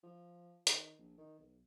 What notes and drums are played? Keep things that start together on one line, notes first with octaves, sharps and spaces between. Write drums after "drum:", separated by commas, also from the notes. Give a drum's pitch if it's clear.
F3
D#3, drum: hi-hat
A#1
D#3
B1